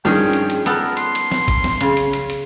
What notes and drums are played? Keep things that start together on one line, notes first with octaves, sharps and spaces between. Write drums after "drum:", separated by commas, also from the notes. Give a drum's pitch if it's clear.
G2 D#3 F3 C#4 G#4 G5
drum: hi-hat
drum: hi-hat
B3 A4 A#4, drum: hi-hat
C6, drum: hi-hat
drum: hi-hat
drum: snare
drum: kick, hi-hat
drum: snare
C#3, drum: hi-hat
drum: hi-hat
drum: hi-hat
drum: hi-hat